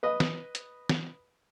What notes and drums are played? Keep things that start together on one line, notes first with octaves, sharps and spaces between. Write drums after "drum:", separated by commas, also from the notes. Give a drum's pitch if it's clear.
B4 D#5
drum: snare
drum: hi-hat
drum: snare